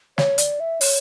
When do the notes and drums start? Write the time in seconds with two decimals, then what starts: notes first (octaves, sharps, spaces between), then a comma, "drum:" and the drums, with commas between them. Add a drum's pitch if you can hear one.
0.18 C#5, drum: snare
0.38 D5, drum: hi-hat
0.60 E5
0.81 C#5, drum: open hi-hat